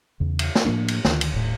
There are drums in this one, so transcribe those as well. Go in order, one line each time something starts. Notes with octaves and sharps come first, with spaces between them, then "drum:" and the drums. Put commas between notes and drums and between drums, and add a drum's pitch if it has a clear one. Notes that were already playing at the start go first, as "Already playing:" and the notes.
E2 C#3
drum: cymbal
drum: snare
A2 F3 A#3 D4
drum: cymbal
D2 D#3, drum: snare
drum: cymbal
D#1 A2